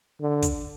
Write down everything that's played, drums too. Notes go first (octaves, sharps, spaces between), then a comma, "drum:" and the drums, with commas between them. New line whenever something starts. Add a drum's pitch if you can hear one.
D3
drum: kick, hi-hat